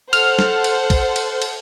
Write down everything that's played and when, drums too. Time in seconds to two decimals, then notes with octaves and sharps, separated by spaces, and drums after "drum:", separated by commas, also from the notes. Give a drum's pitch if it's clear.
0.13 A4 C5 F#5 F6, drum: cymbal
0.39 drum: snare
0.64 drum: cymbal
0.90 drum: kick, cymbal
1.16 drum: cymbal
1.42 drum: cymbal